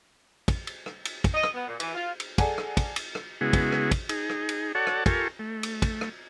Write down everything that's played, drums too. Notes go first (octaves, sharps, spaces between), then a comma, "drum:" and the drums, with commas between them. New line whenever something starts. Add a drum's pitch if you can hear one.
drum: kick, cymbal
drum: cymbal
drum: rim click
drum: cymbal
drum: kick, cymbal
D#5
drum: rim click
B3
A#2
E3, drum: cymbal
F4
drum: cymbal
G#4 A4 D5 F#5 G#5, drum: kick, cymbal
drum: rim click
drum: kick, cymbal
drum: cymbal
drum: rim click
C#3 G#3 B3 E4 F#4 G#4
drum: kick, cymbal
drum: rim click
drum: kick, cymbal
D#4 G#4, drum: cymbal
drum: rim click
drum: cymbal
F#4 A4 C#5 D5 F#5 A5
drum: rim click
F4 G4 A4 A#4 G#5 C#6, drum: kick, cymbal
A3
drum: cymbal
drum: kick, cymbal
drum: rim click